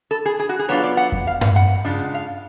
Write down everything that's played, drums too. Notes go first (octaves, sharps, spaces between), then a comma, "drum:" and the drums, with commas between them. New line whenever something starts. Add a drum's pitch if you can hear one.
A4
G#4
G#4
F#4
G#4
F#3 B3 D4 F4 C#5
D5
F#5
drum: kick F2
F5
F5, drum: tom G2
F#5
C#3 G#3 D4 F4
F5